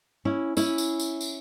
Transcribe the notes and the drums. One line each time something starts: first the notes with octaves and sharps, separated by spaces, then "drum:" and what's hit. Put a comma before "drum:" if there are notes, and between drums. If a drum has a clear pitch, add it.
C#4 E4
C#4 E4, drum: tambourine
drum: tambourine
drum: tambourine
drum: tambourine